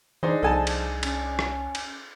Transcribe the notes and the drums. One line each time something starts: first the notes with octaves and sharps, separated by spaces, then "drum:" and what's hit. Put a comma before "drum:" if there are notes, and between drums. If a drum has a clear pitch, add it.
E3 D4 D#4 G#4 C5
C2 F3 A4 G#5 A5
drum: cymbal
C#4, drum: cymbal
drum: rim click
drum: cymbal